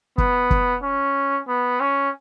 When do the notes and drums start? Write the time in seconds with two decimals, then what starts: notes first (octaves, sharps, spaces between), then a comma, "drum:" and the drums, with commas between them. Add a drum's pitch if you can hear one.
0.18 B3, drum: kick
0.51 drum: kick
0.82 C#4
1.48 B3
1.80 C#4